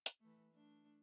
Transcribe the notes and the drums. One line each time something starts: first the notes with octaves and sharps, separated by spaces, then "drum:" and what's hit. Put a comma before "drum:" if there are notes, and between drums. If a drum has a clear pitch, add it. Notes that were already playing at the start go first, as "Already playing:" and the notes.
drum: hi-hat
E3 A3
A3 D4